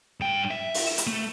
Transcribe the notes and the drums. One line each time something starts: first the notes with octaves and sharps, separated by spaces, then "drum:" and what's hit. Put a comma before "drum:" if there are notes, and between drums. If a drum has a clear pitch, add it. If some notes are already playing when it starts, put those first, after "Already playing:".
G2 G5
E5
drum: open hi-hat
drum: hi-hat
A3